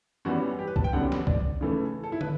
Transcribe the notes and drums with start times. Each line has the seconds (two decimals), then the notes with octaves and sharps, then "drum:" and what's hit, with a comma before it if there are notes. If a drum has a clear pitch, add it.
0.25 F#2 E3 G3 B3 F#4
0.59 G4
0.67 B4
0.76 A5, drum: kick
0.84 G5
0.93 F#2 D3 G3 B3 F#5
1.12 drum: snare
1.27 D5, drum: kick
1.61 C#3 E3 A3
2.04 A4
2.12 E4
2.21 B4, drum: tom